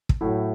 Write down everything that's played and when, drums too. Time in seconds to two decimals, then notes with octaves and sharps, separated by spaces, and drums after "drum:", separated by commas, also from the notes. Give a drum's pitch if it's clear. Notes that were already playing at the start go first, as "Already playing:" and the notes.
0.09 drum: kick
0.21 A2 F#3 A3 E4